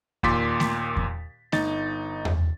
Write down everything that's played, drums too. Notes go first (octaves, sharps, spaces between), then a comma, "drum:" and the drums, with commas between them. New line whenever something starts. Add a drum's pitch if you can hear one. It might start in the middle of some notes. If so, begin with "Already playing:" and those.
D#2 A#2 C6 D6 A6 B6, drum: kick E2
drum: snare A3
drum: kick E2
G1 D#4 A6, drum: snare A3
drum: tom E2